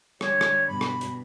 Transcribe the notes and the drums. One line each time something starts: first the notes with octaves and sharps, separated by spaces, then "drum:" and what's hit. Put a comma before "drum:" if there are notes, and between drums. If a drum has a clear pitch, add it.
D3 G3 C#5, drum: rim click
drum: rim click
G2 B2 B5
drum: rim click
drum: hi-hat